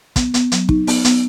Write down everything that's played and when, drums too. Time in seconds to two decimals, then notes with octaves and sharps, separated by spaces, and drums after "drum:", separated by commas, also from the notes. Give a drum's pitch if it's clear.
0.16 B3, drum: kick, hi-hat
0.34 B3, drum: hi-hat
0.52 F#3, drum: hi-hat
0.69 D#4, drum: kick
0.87 B3, drum: open hi-hat
1.05 B3, drum: hi-hat